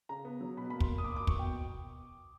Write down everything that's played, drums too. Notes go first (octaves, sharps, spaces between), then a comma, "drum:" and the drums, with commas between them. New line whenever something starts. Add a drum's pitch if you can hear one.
C#3 A#5
B3
F#3
B2 B5
A#3 B5
C6, drum: kick
A#3
D#6
A#3 D6
B2 D6
C#6, drum: kick
B2 G5